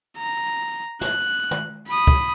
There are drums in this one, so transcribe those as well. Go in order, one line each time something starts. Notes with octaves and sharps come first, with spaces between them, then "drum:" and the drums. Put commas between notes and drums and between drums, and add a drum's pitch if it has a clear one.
A#5
F#6, drum: snare
drum: tom
B5 D#6
drum: kick